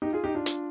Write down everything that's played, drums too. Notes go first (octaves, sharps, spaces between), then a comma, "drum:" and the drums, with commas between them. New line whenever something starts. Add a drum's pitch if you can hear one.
D#4 G4
F4 G#4
D#4 G4
D4 F4
drum: hi-hat